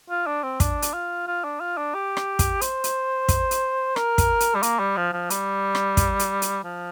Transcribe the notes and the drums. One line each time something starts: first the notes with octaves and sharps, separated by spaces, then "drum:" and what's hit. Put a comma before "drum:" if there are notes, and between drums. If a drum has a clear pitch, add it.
F4
D4
C4
D4, drum: kick, hi-hat
drum: hi-hat
F4
F4
D4
F4
D4
G4
drum: rim click
drum: kick, hi-hat
C5, drum: hi-hat
drum: hi-hat
drum: kick, hi-hat
drum: hi-hat
A#4, drum: rim click
drum: kick, hi-hat
drum: hi-hat
G3
A#3, drum: hi-hat
G3
F3
F3
G3, drum: hi-hat
drum: rim click
drum: kick, hi-hat
drum: hi-hat
drum: hi-hat
F3